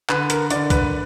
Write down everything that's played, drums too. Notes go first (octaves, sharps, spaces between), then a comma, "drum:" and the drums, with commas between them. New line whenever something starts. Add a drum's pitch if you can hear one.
D3 B4, drum: clap
A#4, drum: hi-hat
D3 D5, drum: hi-hat
B4, drum: kick, hi-hat